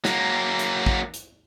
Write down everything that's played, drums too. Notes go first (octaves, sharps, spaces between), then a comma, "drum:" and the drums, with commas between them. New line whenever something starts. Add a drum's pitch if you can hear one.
F#3 A#3, drum: snare
drum: hi-hat
drum: kick
drum: hi-hat